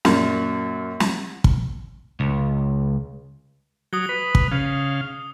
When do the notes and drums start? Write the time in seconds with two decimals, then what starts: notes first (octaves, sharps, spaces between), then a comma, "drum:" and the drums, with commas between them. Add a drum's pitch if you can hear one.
0.05 F#2 A#2, drum: snare
1.00 drum: snare
1.44 drum: kick
2.20 C#2
3.93 F#3 D#6 G7
4.09 B4
4.35 drum: kick
4.51 C#3 F5